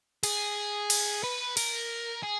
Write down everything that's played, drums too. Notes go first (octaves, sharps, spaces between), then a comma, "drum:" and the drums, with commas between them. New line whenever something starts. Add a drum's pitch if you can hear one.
G#4, drum: cymbal
drum: cymbal
B4
A#4, drum: cymbal
G#4